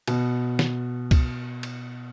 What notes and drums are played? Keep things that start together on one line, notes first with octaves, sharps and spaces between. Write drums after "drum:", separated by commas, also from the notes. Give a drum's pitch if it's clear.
B2, drum: cymbal
drum: snare
drum: kick C2, cymbal
drum: cymbal